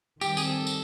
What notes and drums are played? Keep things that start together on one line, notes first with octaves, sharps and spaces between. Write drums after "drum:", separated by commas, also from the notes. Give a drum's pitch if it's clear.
D#3 G3 C4 G4, drum: tambourine
G#4, drum: tambourine
A4
drum: tambourine